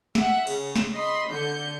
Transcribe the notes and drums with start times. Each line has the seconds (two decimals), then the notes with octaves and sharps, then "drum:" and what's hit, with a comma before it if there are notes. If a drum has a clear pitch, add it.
0.15 E5 F#5, drum: snare
0.47 C#3, drum: cymbal
0.76 drum: snare
0.94 D#5 B5 C6
1.28 D3 G6 C#7